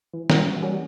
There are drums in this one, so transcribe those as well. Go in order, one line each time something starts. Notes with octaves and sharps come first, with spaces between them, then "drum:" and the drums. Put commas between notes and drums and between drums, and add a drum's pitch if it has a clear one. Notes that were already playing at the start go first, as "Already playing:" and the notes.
E3
G3 A#3 C#4 F#4, drum: snare
E3
G3 A#3 C#4 F#4